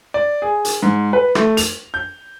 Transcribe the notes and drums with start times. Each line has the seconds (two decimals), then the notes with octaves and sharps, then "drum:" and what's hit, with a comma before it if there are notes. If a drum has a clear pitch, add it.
0.14 D5
0.42 G#4
0.65 drum: hi-hat
0.83 G#2
1.13 B4
1.35 A3, drum: rim click
1.57 F7, drum: hi-hat
1.94 G6